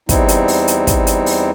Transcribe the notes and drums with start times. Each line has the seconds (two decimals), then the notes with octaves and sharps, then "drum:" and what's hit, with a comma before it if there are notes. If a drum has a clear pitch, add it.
0.09 E2 G3 C4 D#4 E4, drum: kick, hi-hat
0.28 drum: hi-hat
0.48 drum: open hi-hat
0.68 drum: hi-hat
0.87 drum: kick, hi-hat
1.07 drum: hi-hat
1.26 drum: open hi-hat